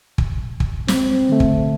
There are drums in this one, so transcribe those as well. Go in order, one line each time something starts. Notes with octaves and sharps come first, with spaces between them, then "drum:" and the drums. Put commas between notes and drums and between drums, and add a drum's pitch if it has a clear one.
drum: kick
drum: kick
C4, drum: snare
D3 A3
drum: kick